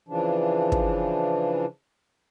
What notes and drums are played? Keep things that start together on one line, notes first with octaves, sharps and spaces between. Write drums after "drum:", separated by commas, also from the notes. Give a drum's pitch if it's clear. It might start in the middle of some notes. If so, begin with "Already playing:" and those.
C#3 E3 F3 D4
drum: kick